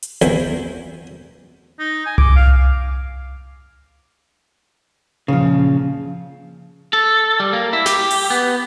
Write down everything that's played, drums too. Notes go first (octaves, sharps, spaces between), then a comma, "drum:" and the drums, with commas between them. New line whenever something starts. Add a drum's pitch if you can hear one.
drum: hi-hat
E2, drum: hi-hat
D#4
G#5
D6, drum: tom C2
F5
A#2 C#3 F3
A4
G3
A#3
E4
G4, drum: snare
drum: open hi-hat
B3